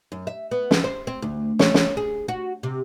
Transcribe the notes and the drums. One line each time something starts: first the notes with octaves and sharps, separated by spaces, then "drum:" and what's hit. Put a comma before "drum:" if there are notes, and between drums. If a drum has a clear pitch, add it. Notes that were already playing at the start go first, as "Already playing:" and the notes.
F#2
E5
B3
drum: snare
C5
C4
D2
C#5, drum: snare
drum: snare
G#4
F#4
C3